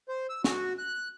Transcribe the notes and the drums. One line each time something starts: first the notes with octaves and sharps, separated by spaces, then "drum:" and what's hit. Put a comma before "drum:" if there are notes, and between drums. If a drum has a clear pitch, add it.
C5
E6
F#4, drum: snare
F#6